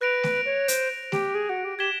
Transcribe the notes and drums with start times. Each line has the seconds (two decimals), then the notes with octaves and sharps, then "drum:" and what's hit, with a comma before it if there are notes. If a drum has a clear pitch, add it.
0.01 B4 F#6 A#6 D7 F7
0.24 drum: snare A3
0.46 C#5
0.68 C5, drum: hi-hat
1.12 G4, drum: snare A3
1.35 G#4
1.49 F#4
1.65 G4
1.78 G4 G#6 B6 E7 G7